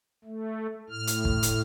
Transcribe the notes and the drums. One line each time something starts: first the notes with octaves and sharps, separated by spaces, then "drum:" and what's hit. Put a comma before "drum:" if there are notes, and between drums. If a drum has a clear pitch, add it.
A3
A2 F6
drum: hi-hat
drum: kick
drum: hi-hat